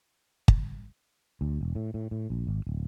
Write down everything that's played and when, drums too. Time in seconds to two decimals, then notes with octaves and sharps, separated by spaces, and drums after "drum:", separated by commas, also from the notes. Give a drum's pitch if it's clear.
0.48 drum: kick
1.41 D2
1.61 E1
1.75 A2
1.94 A2
2.11 A2
2.30 A#1
2.47 G#1
2.67 D1